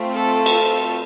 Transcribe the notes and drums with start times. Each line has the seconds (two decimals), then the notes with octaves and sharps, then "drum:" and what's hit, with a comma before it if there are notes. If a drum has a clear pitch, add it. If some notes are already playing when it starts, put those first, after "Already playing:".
Already playing: A3 C4 F4
0.14 A4
0.46 drum: cymbal